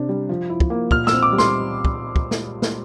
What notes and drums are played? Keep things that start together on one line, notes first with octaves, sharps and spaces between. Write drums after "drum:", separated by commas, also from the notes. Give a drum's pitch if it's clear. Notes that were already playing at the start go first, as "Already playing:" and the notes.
Already playing: C3 C4 D4
G3
F3
E4
drum: kick
A#3
A#2 F6, drum: kick
E6, drum: snare
C4
D6
G3
C6, drum: snare
drum: kick
drum: kick
drum: snare
drum: snare